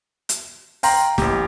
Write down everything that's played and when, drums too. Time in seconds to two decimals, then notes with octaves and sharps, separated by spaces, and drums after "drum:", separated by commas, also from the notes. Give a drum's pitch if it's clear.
0.29 drum: hi-hat
0.83 F5 G5 A#5 C6, drum: open hi-hat
1.18 A1 G4, drum: snare